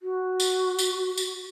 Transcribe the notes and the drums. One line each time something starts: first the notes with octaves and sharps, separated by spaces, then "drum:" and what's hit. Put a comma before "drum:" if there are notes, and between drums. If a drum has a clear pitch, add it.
F#4
drum: tambourine
drum: tambourine
drum: tambourine